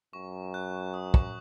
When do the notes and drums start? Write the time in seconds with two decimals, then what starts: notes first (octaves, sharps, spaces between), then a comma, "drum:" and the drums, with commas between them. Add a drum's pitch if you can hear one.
0.13 F#2 C#6
0.54 F#6
0.94 D#6
1.14 C#6, drum: kick